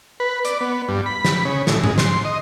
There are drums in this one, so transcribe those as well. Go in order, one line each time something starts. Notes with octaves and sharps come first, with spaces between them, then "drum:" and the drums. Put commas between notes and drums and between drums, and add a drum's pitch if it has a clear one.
B4
D5, drum: hi-hat
B3
G2
B5
drum: snare
C#3
A2, drum: snare
G#3, drum: tom G#2
C6, drum: snare
D#5